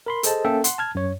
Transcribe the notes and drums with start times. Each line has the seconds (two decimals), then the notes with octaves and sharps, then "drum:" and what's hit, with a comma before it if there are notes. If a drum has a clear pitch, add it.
0.06 A#4 B5 C6
0.23 G#4 A4 C5 D#5 A5, drum: hi-hat
0.45 A#3 C#4 A4 E5 G5
0.64 F#5 C6, drum: hi-hat
0.78 A5 F6 G#6
0.95 F#2 C#5